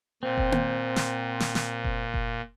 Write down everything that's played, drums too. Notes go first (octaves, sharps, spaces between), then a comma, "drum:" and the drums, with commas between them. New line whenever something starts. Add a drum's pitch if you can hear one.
A#2 C4
drum: kick F1
drum: tom A#3
drum: snare
drum: snare
drum: snare
drum: kick F1
drum: kick F1